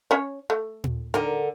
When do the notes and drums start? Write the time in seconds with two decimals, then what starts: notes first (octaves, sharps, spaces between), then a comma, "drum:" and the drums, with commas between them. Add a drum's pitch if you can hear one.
0.11 C#4 C#5
0.50 A3
0.84 drum: tom
1.14 D3 D#3 A#4